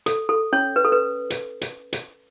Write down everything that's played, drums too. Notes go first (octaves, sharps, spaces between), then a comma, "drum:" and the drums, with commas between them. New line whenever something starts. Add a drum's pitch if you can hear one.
A4, drum: hi-hat
A4
C#4 C#5
B4
A4
B4
drum: hi-hat
drum: hi-hat
drum: hi-hat